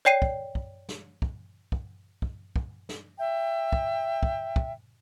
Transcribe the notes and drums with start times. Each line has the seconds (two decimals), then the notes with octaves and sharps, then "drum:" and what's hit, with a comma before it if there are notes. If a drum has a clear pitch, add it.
0.05 C#5 D5 G5 C7 D#7
0.22 drum: kick
0.55 drum: kick
0.89 drum: snare
1.22 drum: kick
1.72 drum: kick
2.22 drum: kick
2.56 drum: kick
2.89 drum: snare
3.18 E5 G5
3.72 drum: kick
4.23 drum: kick
4.56 drum: kick